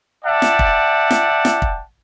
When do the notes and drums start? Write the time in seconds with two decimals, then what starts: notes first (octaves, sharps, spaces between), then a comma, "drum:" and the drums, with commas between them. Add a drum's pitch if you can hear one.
0.25 D5 E5 F#5 G5 A5
0.42 drum: snare
0.59 drum: kick
1.11 drum: snare
1.45 drum: snare
1.62 drum: kick